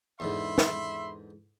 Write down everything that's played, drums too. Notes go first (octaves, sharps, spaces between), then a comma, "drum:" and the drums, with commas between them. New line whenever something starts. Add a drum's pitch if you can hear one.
E2 G#2 D3 E5 B5 C6
drum: snare